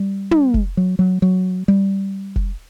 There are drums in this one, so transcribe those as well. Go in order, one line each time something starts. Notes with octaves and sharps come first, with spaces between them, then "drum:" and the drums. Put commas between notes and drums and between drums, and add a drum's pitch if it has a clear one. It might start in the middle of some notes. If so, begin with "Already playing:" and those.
Already playing: G3
drum: tom
drum: kick F1
F#3
F#3
F#3
G3
drum: kick F1